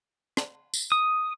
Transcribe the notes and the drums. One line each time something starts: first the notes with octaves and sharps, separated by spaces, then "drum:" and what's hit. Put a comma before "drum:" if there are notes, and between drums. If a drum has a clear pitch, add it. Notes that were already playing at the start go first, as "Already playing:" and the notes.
drum: rim click
drum: tambourine
D#6